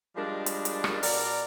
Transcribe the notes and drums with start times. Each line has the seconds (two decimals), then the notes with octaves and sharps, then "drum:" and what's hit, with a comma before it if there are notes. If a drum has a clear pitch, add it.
0.16 F3 G3 G#3 D4 A#4
0.46 drum: hi-hat
0.65 drum: hi-hat
0.84 drum: rim click
1.03 B2 A#4 D5, drum: open hi-hat